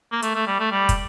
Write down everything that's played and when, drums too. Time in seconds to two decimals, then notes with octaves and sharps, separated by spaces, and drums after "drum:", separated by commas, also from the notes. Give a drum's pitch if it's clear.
0.12 A#3
0.22 A3, drum: hi-hat
0.35 A3
0.47 G3
0.60 A3
0.72 G3
0.89 drum: kick, hi-hat